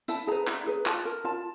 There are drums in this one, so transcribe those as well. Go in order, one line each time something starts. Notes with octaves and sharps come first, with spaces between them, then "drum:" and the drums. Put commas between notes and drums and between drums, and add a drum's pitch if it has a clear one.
E4 A5, drum: tambourine
G#4 B4 A#5
E4, drum: clap
G#4 B4
F4 A5, drum: clap
A#4
F4 A5